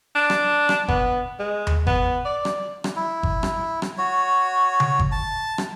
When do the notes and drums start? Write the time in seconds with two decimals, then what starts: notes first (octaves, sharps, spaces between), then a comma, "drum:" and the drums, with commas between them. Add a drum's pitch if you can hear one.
0.15 D4
0.30 drum: rim click
0.69 drum: rim click
0.88 B3, drum: kick G1
1.39 G#3
1.67 drum: tom D#2
1.87 B3, drum: kick G1
2.25 D5
2.45 drum: rim click
2.84 drum: rim click
2.96 E4
3.23 drum: kick G1
3.43 drum: rim click
3.82 drum: rim click
3.98 F#4 C#5
4.80 drum: tom C#3
4.99 drum: kick G1
5.12 A5
5.58 drum: rim click